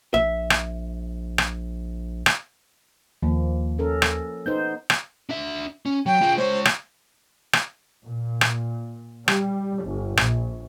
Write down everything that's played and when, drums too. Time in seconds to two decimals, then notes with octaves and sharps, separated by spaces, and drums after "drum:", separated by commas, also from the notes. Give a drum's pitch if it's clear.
0.14 A#1 E5
0.50 drum: rim click
1.38 drum: rim click
2.26 drum: rim click
3.22 D#2 F3 A#3
3.78 C#4 A4 A#4
4.02 drum: rim click
4.46 B3 D#4 C5 G6
4.90 drum: rim click
5.29 D4 E5
5.86 C#4
6.06 F#3 G5
6.22 F4 G#4
6.37 G#3 C5 C#5
6.65 drum: rim click
7.53 drum: rim click
8.04 A#2
8.41 drum: rim click
9.28 G3, drum: rim click
9.84 G1
10.17 A#1, drum: rim click